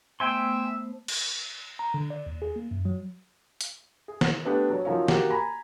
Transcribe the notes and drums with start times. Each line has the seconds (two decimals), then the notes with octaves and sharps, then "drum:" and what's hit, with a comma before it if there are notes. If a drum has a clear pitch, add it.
0.20 A3 B3 C5 E5 G5 G#5 C6
1.08 drum: cymbal
1.79 A#5
1.94 D3
2.10 D5
2.26 D#2
2.42 G#4
2.56 A#3
2.71 F#2
2.85 F#3
3.61 drum: hi-hat
4.08 G#4
4.21 drum: snare
4.45 A3 B3 D4 G4
4.70 F#3 C#5
4.85 D#3 F3 F#3 C#4 F4 C#5
5.08 A#3 F#4 G4, drum: snare
5.31 G#5 A#5 B5